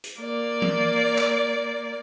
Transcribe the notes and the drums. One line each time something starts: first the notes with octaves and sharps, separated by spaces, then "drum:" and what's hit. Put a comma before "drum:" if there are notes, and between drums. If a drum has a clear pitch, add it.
drum: hi-hat
A#3 D5
drum: tom E3
drum: clap